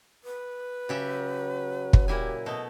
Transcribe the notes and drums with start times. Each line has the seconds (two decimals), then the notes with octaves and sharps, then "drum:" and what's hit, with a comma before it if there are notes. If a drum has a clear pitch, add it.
0.24 B4
0.89 C#3 F#3 G4 E5
1.93 drum: kick
2.08 A#2 E4 G4 G#5
2.46 B2 A3 D#5